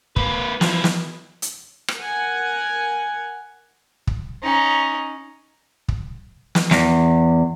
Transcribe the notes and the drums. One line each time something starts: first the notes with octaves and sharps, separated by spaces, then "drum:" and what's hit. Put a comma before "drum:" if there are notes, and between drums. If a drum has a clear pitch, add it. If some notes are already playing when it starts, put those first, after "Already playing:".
A#3 B4, drum: kick
F3 E4, drum: snare
drum: snare
drum: hi-hat
drum: rim click
A#4 F#5 G#5
drum: kick
C#4 D#4
drum: kick
drum: snare
E2, drum: snare